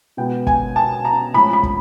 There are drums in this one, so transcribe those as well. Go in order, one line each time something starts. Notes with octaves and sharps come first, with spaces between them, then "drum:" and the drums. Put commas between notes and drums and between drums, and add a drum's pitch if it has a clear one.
B2 G#3 B3 G5
G#5, drum: kick
A5
A#5
A2 F3 G#3 C#4 B5
B5
drum: kick